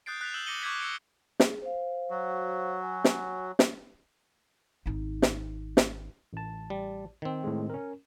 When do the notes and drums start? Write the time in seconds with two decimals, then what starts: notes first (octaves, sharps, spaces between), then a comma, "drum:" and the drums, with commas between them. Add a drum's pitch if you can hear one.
0.06 D#6 F#6 G6 A6 C7 D7
0.21 F#6 A6 B6 F7
0.34 E6 G6 E7 F#7 G7
0.46 D6 A#6 C#7 D#7 G7
0.63 C#6 D6 E6 G6 G#6 B6
0.80 E6 C#7 D7
1.40 G#4, drum: snare
1.62 C5 F5
2.10 F#3 F#4
2.80 C#5 G#5
3.04 drum: snare
3.59 drum: snare
4.86 G#1 D#4
5.22 drum: snare
5.77 drum: snare
6.33 A1 A5
6.70 G3
7.22 D#3 C4
7.44 A2 G#3
7.70 C#4 A#4